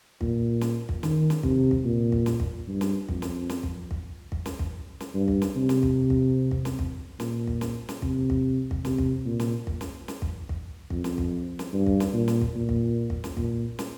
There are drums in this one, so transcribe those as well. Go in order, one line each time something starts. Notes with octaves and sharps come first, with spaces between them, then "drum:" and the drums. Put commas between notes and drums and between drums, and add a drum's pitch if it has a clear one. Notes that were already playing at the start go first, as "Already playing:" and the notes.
A#2, drum: kick
drum: snare
drum: kick
D#3, drum: snare
drum: snare
C3, drum: kick
drum: kick
A#2
drum: kick
drum: snare
drum: kick
G2
drum: snare
F2, drum: kick
drum: snare
drum: snare
drum: kick
drum: kick
drum: kick
drum: snare
drum: kick
drum: snare
G2
drum: kick
drum: snare
C3
drum: snare
drum: kick
drum: kick
drum: kick
drum: snare
drum: kick
A#2, drum: snare
drum: kick
drum: snare
drum: snare
C3, drum: kick
drum: kick
drum: kick
C3, drum: snare
drum: kick
A#2
drum: snare
drum: kick
drum: snare
drum: snare
drum: kick
drum: kick
F2, drum: kick
drum: snare
drum: kick
drum: snare
G2
drum: kick
drum: snare
A#2
drum: snare
drum: kick
A#2
drum: kick
drum: kick
drum: snare
A#2, drum: kick
drum: snare